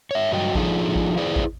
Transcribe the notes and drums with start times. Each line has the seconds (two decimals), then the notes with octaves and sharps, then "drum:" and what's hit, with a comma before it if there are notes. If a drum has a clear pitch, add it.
0.11 C#5 E5
0.32 G2 F#3 F#4 D#5 G5
0.55 F3 D4 D#4 F4 G#4 A4, drum: kick A1
0.96 drum: kick A1
1.17 E4 G#4 B4 C5 D5
1.36 drum: kick A1